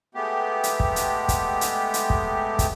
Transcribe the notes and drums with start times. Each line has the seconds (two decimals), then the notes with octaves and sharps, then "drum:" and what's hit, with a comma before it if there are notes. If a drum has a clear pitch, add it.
0.15 G#3 A3 B3 G4
0.63 drum: hi-hat
0.80 drum: kick
0.96 drum: hi-hat
1.29 drum: kick, hi-hat
1.61 drum: hi-hat
1.94 drum: hi-hat
2.10 drum: kick
2.59 drum: kick, hi-hat